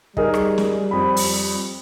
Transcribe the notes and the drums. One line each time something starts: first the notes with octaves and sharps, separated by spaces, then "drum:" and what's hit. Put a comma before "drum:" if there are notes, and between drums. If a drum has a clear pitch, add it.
G3 D#4 G#4 A#4, drum: kick
drum: rim click
drum: snare
F2 B5
drum: open hi-hat